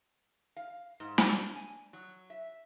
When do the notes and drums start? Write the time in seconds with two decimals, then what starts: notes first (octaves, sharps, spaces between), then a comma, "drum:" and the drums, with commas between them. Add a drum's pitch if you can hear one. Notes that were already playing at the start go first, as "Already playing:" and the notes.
0.56 F5
1.00 G#2
1.18 D4, drum: snare
1.56 G#5
1.93 F#3
2.30 E5